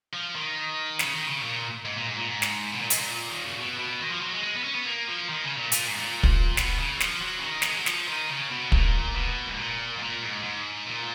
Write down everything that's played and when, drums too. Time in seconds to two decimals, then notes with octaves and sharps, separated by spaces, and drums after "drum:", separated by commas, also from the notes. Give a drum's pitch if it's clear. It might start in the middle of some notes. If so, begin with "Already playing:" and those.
0.14 F3
0.35 D#3
0.99 C#3, drum: snare
1.13 D#3
1.27 C#3
1.42 A#2
1.85 G#2
1.96 A#2
2.07 G#2
2.17 A#2
2.28 G#2
2.42 drum: snare
2.71 B2
2.80 A#2
2.90 G#2, drum: hi-hat
2.99 A#2
3.29 D#3
3.43 C#3
3.57 B2
3.78 B2
4.00 D#3
4.11 F3
4.21 F#3
4.32 G#3
4.43 G#3
4.54 B3
4.64 C#4
4.75 B3
4.86 A#3
5.08 F3
5.29 D#3
5.43 C#3
5.57 A#2
5.72 A#2, drum: hi-hat
5.85 G#2
5.98 A#2
6.23 drum: kick
6.57 B2, drum: snare
6.79 C#3
6.96 F#3
7.00 F3, drum: snare
7.21 F#3
7.38 C#3
7.44 D#3
7.62 A#3, drum: snare
7.69 G#3
7.78 F#3
7.86 F3, drum: snare
8.08 D#3
8.29 C#3
8.51 B2
8.72 A#2, drum: kick
9.15 B2
9.47 G#2
9.58 A#2
9.96 G#2
10.01 A#2
10.22 G#2
10.44 G#2
10.87 A#2